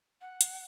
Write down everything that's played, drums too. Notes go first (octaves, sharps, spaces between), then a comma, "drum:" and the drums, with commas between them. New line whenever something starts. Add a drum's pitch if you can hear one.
F#5
drum: hi-hat